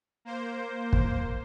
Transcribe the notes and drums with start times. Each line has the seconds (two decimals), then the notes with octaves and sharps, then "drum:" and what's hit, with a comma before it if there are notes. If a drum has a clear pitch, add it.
0.25 A#3 C5
0.93 drum: kick